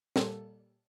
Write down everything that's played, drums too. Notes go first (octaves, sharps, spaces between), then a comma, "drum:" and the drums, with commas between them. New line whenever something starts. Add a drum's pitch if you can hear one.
A#2 G3 A#3 A4, drum: snare